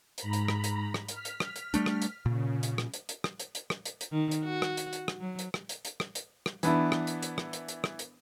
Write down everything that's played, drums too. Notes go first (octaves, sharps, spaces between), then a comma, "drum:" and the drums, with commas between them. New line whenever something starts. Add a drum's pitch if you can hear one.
G#2 A#5 B5, drum: hi-hat
drum: hi-hat
drum: rim click
drum: hi-hat
drum: rim click
F6 B6, drum: hi-hat
drum: hi-hat
drum: rim click
drum: hi-hat
G3 A3 D4, drum: hi-hat
drum: rim click
drum: hi-hat
A#2 C#3
drum: hi-hat
drum: rim click
drum: hi-hat
drum: hi-hat
drum: rim click
drum: hi-hat
drum: hi-hat
drum: rim click
drum: hi-hat
drum: hi-hat
D#3
drum: hi-hat
F#4
drum: rim click
drum: hi-hat
drum: hi-hat
drum: rim click
F#3
drum: hi-hat
drum: rim click
drum: hi-hat
drum: hi-hat
drum: rim click
drum: hi-hat
drum: rim click
E3 B3 D4 E4, drum: hi-hat
drum: rim click
drum: hi-hat
drum: hi-hat
drum: rim click
drum: hi-hat
drum: hi-hat
drum: rim click
drum: hi-hat